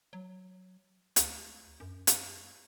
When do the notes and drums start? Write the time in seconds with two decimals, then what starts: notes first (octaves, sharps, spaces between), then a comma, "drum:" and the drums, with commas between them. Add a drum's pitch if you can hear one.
0.13 F#3
1.16 D2, drum: hi-hat
1.80 F#2
2.07 drum: hi-hat